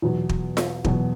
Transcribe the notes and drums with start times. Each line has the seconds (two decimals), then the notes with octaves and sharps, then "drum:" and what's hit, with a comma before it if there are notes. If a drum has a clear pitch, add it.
0.02 E2 B2 F#3
0.29 drum: kick
0.57 drum: snare F4
0.84 E2 B2 F#3, drum: kick